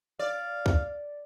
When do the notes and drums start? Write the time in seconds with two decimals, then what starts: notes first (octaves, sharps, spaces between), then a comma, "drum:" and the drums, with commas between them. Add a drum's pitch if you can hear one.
0.19 D5 F5
0.66 drum: kick